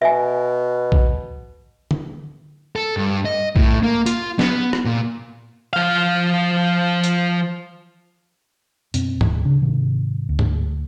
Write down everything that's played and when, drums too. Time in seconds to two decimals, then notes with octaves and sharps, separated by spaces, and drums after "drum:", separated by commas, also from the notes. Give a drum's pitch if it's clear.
0.02 B2 E5 G#5
0.92 drum: kick A#1
1.91 drum: tom
2.76 A4
2.97 G2
3.25 D#5
3.56 A2, drum: kick A#1
3.83 A#3
4.06 F4, drum: hi-hat
4.39 B3, drum: snare
4.73 drum: rim click
4.85 A#2
5.73 F3 F5
7.04 drum: hi-hat
8.94 F#2 B2 C4, drum: hi-hat
9.21 D1, drum: tom G#2
9.45 C#3 D4
9.62 G#2 C3 D#3
10.29 D2
10.39 drum: tom G#2